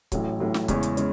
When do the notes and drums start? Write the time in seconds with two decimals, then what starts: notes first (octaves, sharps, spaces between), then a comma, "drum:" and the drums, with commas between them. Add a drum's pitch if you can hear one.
0.12 A1 A2 F#3, drum: kick C#1, hi-hat
0.40 A1 A2 F#3
0.54 drum: snare
0.68 E2 C#3 G#3 C#4, drum: kick C#1, hi-hat
0.83 drum: hi-hat
0.97 G#3 C#4, drum: hi-hat